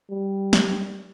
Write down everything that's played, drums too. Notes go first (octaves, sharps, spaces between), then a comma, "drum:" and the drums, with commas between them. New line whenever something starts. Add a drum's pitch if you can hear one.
G3
drum: snare